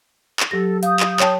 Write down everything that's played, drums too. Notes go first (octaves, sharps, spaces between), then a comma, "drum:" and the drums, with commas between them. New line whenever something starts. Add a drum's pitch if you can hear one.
drum: clap
F#3 G4 A4 A#6
F5 D#6 G6, drum: hi-hat
drum: clap
C#5 G5 A5, drum: clap